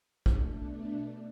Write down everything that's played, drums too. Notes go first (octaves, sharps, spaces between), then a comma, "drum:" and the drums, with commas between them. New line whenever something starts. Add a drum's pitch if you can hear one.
B2 A3 D4, drum: kick